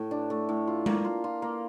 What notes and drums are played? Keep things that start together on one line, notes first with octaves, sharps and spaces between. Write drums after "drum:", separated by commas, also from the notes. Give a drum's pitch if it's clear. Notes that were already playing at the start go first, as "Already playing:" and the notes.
Already playing: A2 A3
D4
A3
A2
F4
A#3, drum: tom G#3
F4
F4
A#3